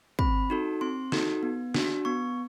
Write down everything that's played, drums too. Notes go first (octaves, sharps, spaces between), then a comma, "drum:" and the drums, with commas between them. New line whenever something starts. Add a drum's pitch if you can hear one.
C4 B5, drum: kick
D#4 F#4 A4
C4 C6
D#4 F#4 A4, drum: snare
B3
D4 F#4, drum: snare
B3 C#6